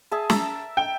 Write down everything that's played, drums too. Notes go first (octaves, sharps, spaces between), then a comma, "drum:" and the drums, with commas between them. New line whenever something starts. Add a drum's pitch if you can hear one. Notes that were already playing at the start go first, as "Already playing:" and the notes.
G#4 E5 A5
A#4 E5 A5, drum: snare
G5